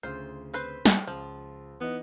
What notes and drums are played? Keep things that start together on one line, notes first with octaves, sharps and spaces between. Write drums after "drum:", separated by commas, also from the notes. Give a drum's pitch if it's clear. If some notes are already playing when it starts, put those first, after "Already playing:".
D2 C#3 F4 C5
C4 B4 C5
drum: snare
C#2 F3
E3 B3 D#4